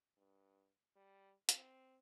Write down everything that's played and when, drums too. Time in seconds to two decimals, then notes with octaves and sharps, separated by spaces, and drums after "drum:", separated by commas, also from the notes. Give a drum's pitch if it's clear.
0.17 G2
0.96 G3
1.49 C4, drum: hi-hat